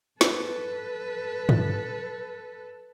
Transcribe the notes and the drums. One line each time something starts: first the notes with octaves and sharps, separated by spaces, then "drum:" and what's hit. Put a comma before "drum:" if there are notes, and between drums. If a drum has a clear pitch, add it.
A4 B4, drum: snare
drum: tom G2